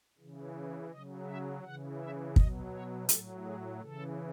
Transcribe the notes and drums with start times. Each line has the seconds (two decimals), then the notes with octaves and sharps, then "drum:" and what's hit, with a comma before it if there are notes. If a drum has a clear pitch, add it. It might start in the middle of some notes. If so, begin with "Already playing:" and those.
0.18 C#3 E3
0.91 C#3 F#3 D#5
1.27 E5
1.64 C#3 E3 F#5
2.00 E5
2.36 B2 F#3 D#5, drum: kick
2.72 C#5
3.09 A2 F#3 A4, drum: hi-hat
3.44 G#4
3.81 C#3 E3 A4